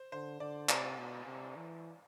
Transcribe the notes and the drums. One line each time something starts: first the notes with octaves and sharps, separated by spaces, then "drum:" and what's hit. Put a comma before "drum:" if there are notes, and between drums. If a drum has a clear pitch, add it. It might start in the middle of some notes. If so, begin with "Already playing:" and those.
Already playing: C5
D3 C5
D3 D5
C3 D5, drum: clap
B2
C3
E3